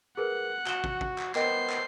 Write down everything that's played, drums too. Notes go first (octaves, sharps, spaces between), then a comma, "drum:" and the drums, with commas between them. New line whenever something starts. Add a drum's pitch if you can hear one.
G#4 A#4 B4 F#5
F#4 E7 G7, drum: clap
drum: kick
drum: kick
drum: clap
B3 A#4 C5 D#5 G5 C7, drum: clap
drum: clap